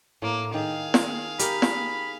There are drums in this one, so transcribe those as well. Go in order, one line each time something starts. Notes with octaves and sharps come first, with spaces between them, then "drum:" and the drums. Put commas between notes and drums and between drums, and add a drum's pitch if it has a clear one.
A2 A#3
D#3 G#4 F5
drum: snare
G4 A#4 B5, drum: hi-hat
drum: snare